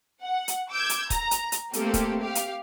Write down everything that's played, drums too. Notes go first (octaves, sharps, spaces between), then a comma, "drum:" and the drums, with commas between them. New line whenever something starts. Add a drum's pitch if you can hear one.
F#5
drum: hi-hat
D6 E6 G6 G#6
drum: hi-hat
A#5, drum: kick, hi-hat
drum: hi-hat
drum: hi-hat
A3 A#3 C4 G4 A4, drum: hi-hat
drum: kick, hi-hat
G4 F5
drum: hi-hat